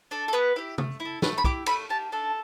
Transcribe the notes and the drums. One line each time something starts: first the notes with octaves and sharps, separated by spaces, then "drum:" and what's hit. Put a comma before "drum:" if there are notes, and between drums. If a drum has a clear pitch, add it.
D4 A4
A4
B3 B4
E4 G4
A3, drum: tom
E4
A4
A3 B4, drum: snare
B5
E4 G4 D6, drum: kick
A3 B5, drum: cymbal
G4 A5
D4 A4